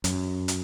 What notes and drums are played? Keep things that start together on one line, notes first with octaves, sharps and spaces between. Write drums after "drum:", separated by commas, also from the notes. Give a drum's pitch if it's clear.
F#2, drum: hi-hat
drum: hi-hat